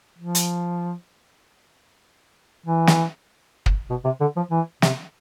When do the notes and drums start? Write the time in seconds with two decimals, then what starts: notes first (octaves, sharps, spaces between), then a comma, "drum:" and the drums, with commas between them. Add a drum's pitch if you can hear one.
0.19 F3
0.35 drum: hi-hat
2.66 E3
2.87 drum: snare
3.66 drum: kick
3.90 B2
4.05 C3
4.21 D3
4.36 F3
4.51 E3
4.82 C3, drum: snare